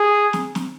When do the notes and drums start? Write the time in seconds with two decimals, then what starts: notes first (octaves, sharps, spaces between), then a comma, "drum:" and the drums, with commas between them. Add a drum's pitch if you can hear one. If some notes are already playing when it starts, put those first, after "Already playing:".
Already playing: G#4
0.33 drum: snare
0.55 drum: snare